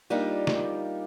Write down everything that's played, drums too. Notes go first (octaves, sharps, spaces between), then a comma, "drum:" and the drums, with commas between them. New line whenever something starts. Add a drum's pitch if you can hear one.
G3 A#3 D4 D#4 F4 G4
drum: snare